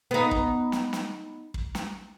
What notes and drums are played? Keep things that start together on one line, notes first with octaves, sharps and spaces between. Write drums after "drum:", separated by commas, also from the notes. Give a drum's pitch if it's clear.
B3 D#4
drum: kick
drum: snare
drum: snare
drum: kick
drum: snare